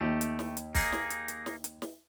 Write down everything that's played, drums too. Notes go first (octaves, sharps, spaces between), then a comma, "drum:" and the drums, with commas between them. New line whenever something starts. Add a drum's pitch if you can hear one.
D#2 A3 G4
drum: hi-hat
drum: snare
drum: hi-hat
A#3 D#4 G#4, drum: kick, open hi-hat
drum: snare
drum: hi-hat
drum: hi-hat
drum: snare
drum: hi-hat
drum: snare